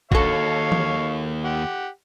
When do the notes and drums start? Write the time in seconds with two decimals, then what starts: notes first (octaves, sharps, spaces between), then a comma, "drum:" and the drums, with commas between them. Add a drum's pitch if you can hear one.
0.12 D#2 F#4 A4 C#5 F5 C#6, drum: kick
0.72 drum: tom E3
1.45 G4 F#5